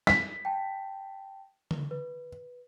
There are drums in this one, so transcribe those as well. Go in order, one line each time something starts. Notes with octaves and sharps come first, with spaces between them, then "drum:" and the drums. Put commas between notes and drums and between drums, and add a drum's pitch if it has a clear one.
B6, drum: snare
G5 A5
drum: tom D3
B4